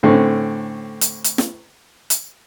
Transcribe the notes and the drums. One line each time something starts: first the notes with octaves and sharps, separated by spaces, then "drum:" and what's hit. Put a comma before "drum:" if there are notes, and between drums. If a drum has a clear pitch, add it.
A2 D3 C4 C#4
drum: hi-hat
drum: hi-hat
drum: snare
drum: hi-hat